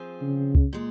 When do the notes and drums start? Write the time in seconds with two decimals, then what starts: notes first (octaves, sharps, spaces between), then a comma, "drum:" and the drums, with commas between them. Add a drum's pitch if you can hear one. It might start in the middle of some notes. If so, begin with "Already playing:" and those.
Already playing: F3 C4 F4 G#4
0.21 C#3
0.55 drum: kick
0.73 A#2 G#3